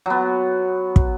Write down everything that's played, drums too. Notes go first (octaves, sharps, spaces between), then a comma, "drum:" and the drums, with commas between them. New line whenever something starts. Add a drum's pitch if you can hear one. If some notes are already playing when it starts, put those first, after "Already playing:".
F#3 B3
drum: kick